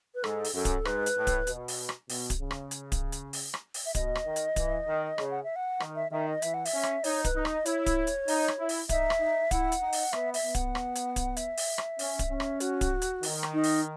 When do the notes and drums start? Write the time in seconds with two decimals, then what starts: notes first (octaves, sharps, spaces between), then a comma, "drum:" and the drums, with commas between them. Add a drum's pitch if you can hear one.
0.15 B4
0.24 G#2 A4, drum: rim click
0.44 drum: open hi-hat
0.54 F#2 A4
0.65 drum: kick D1, hi-hat
0.85 G#2 B4, drum: rim click
1.06 drum: hi-hat
1.17 A2
1.27 drum: kick D1, hi-hat
1.47 B2, drum: hi-hat
1.68 drum: open hi-hat
1.89 drum: rim click
2.09 B2, drum: open hi-hat
2.30 drum: kick D1, hi-hat
2.41 C#3
2.51 drum: rim click
2.71 drum: hi-hat
2.92 drum: kick D1, hi-hat
3.12 drum: hi-hat
3.33 drum: open hi-hat
3.54 drum: rim click
3.74 drum: open hi-hat
3.86 E5
3.95 B2 D#5, drum: kick D1, hi-hat
4.15 drum: rim click
4.25 D#3
4.36 drum: hi-hat
4.56 E3, drum: kick D1, hi-hat
4.87 D#3
5.18 C#3, drum: rim click
5.31 F#5
5.44 E5
5.56 F#5
5.80 D#3, drum: rim click
5.96 E5
6.11 D#3 E5
6.27 D#5
6.42 E3 E5, drum: hi-hat
6.54 F#5
6.65 E5, drum: open hi-hat
6.73 C#4
6.83 drum: rim click
7.04 D#4 C#5, drum: open hi-hat
7.25 B4, drum: kick D1, hi-hat
7.35 D#4
7.45 D#5, drum: rim click
7.66 E4 C#5, drum: hi-hat
7.86 drum: kick D1, hi-hat
8.07 drum: hi-hat
8.28 D#4, drum: open hi-hat
8.48 drum: rim click
8.59 E4
8.69 drum: open hi-hat
8.89 D#4 E5, drum: kick D1, hi-hat
9.10 drum: rim click
9.20 D#4
9.51 E4 F#5, drum: kick D1, hi-hat
9.72 drum: hi-hat
9.82 D#4
9.93 drum: open hi-hat
10.13 B3 E5, drum: rim click
10.34 E5, drum: open hi-hat
10.44 B3
10.55 F#5, drum: kick D1, hi-hat
10.75 drum: rim click
10.96 drum: hi-hat
11.16 drum: kick D1, hi-hat
11.37 E5, drum: hi-hat
11.57 drum: open hi-hat
11.78 drum: rim click
11.99 C#4, drum: open hi-hat
12.19 drum: kick D1, hi-hat
12.30 C#4
12.40 drum: rim click
12.60 F#4, drum: hi-hat
12.81 drum: kick D1, hi-hat
13.02 drum: hi-hat
13.23 D#3, drum: open hi-hat
13.43 drum: rim click
13.53 D#4
13.64 drum: open hi-hat